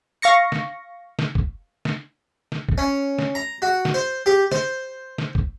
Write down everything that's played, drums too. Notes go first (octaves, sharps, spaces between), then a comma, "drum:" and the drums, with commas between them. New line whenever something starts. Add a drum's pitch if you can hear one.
F5 C#6 A#6 C#7
drum: snare
drum: snare
drum: kick F1
drum: snare
drum: snare
drum: kick F1
C#4
drum: snare
A#5
F#4
drum: snare
C5
G4
C5, drum: snare
drum: snare
drum: kick F1